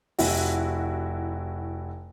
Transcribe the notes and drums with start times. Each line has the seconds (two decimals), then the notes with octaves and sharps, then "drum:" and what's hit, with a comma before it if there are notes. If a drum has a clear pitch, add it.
0.19 F1 E4 F#4, drum: open hi-hat